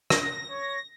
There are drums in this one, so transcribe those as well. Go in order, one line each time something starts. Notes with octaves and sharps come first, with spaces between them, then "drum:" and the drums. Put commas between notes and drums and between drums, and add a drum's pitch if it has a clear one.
A#6, drum: rim click
C#5